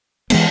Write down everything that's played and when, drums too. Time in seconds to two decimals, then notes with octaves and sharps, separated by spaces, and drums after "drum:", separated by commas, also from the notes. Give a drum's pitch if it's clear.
0.30 E3 G#3 B3, drum: cymbal